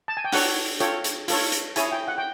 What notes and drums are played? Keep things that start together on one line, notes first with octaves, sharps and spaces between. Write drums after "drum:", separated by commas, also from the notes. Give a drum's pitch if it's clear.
A5
G#5
G5
D4 F#4 A4 C#5 F#5, drum: open hi-hat
F4 A4 C#5 G5, drum: hi-hat
drum: hi-hat
F4 A4 C#5, drum: open hi-hat
drum: hi-hat
E4 G#4 C#5 G#5, drum: hi-hat
G5
F#5
G5